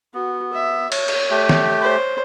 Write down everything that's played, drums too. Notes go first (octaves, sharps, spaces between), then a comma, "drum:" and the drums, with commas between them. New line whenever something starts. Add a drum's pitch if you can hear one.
B3 F#4
E5
C#5, drum: cymbal
drum: cymbal
A3 G4
drum: snare
C5 C#5